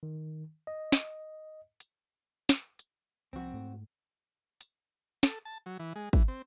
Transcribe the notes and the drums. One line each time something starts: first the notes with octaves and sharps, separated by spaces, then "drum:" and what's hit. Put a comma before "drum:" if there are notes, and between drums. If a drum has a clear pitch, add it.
D#3
D#5
drum: snare
drum: hi-hat
drum: snare
drum: hi-hat
C2 F3 C4 F#4
G#2 A3
drum: hi-hat
A4, drum: snare
A5
F#3
E3
G#3
E3, drum: kick
C4